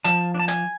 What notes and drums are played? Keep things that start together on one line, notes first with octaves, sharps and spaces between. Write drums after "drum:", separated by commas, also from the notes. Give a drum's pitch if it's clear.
F3 A5, drum: hi-hat
D4
A5
G#5, drum: hi-hat